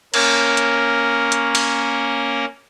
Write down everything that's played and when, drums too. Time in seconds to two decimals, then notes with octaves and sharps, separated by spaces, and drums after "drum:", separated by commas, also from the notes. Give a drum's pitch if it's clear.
0.14 A#3 C#4 A#4, drum: cymbal
0.57 drum: hi-hat
1.32 drum: hi-hat
1.55 drum: cymbal